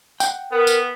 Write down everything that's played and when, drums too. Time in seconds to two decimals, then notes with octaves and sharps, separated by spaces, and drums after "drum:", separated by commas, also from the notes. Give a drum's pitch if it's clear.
0.20 F#5 G5, drum: tambourine
0.52 B3 A#4
0.67 drum: tambourine